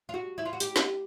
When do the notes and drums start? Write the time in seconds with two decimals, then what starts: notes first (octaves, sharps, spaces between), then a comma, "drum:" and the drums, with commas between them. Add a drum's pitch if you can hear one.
0.09 F4
0.14 F#4
0.38 E4
0.45 F4
0.53 F#4
0.60 G4, drum: hi-hat
0.76 drum: snare